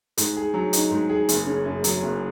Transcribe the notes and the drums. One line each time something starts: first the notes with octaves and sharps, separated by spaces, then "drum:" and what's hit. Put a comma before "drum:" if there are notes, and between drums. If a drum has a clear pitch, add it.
G#2, drum: hi-hat
G#4
F#3
D#4, drum: hi-hat
G#2
G#4
F#1, drum: hi-hat
C#4
F#2
F#3, drum: hi-hat
F#1